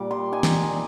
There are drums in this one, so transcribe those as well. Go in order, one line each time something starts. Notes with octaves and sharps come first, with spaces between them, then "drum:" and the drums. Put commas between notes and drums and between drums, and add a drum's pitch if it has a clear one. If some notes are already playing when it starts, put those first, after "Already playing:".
Already playing: A#2 G3 D6
C6
D#4 G#5
drum: snare